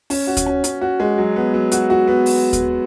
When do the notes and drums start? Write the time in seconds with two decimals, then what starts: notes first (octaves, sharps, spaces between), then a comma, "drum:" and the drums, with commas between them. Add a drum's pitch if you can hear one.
0.10 C#4, drum: open hi-hat
0.27 F#4
0.37 drum: kick D2, hi-hat
0.46 C#4
0.64 C#4, drum: hi-hat
0.81 F#4
1.00 G#3
1.18 F#3
1.36 B3
1.54 F#3
1.72 F#4, drum: hi-hat
1.90 F#4
2.07 B3
2.26 drum: open hi-hat
2.53 drum: kick D2, hi-hat